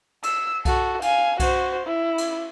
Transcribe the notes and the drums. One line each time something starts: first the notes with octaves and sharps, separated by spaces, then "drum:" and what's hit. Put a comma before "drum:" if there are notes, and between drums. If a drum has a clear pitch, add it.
E6, drum: cymbal
F#4 A4, drum: kick B1, cymbal
F5 G#5, drum: cymbal
F#4 C5, drum: kick B1, cymbal
E4
drum: cymbal